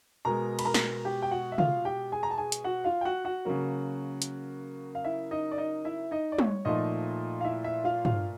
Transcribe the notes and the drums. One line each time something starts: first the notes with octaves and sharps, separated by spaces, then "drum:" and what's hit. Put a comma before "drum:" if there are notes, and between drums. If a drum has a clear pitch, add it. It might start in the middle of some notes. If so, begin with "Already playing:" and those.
B2 G#3 A#4 A#5
B5, drum: cymbal
A#4 A#5
drum: snare
G4 G5
G5
F#4 F#5
E5
F4 F5, drum: tom C3
G4 G5
G#4 G#5
A#5
A5
G#4 G#5
drum: hi-hat
F#4 F#5
F4 F5
G5
F#4 F#5
F#4 F#5
C#3 F#3 A#3
drum: hi-hat
F5
E4 E5
D#4 D#5
D5
D#4 D#5
E4 E5
D#4 D#5
D5
C#5, drum: tom
A#2 F3 A3 D#4 D#5
F5
E4 E5
E4 E5
F4 F5
F4 F5, drum: tom